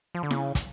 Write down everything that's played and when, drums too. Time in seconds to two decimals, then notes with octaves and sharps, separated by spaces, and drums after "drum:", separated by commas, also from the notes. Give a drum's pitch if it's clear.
0.15 F3
0.23 D3
0.31 C#3, drum: snare E4
0.55 drum: kick, hi-hat